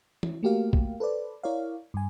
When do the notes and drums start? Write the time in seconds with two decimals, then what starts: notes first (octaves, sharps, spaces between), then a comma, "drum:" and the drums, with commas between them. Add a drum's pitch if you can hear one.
0.23 E4, drum: tom E3
0.43 A3 A#3 F#4 G4 A#4 F5
0.73 drum: kick B1
1.00 A4 B4 C5 D5
1.43 E4 A#4 C#5 D5 F5
1.94 G2 G#5